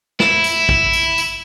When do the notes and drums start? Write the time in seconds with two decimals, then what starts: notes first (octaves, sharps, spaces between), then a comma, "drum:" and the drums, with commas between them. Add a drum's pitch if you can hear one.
0.20 E4, drum: snare
0.44 drum: tambourine
0.69 drum: kick
0.93 drum: tambourine
1.18 drum: tambourine